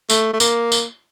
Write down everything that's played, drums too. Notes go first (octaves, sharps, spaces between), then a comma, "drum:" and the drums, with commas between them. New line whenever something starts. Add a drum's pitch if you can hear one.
A3, drum: tambourine
A3
A#3, drum: tambourine
drum: tambourine